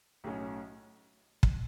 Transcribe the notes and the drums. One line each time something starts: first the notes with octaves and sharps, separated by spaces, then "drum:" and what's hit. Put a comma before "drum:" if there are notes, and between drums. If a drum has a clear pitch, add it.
B1 A2 F#3 C#4
drum: kick